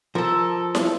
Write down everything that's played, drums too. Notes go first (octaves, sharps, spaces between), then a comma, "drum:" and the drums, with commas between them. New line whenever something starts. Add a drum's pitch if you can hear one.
F3 A4 A#4
drum: snare E4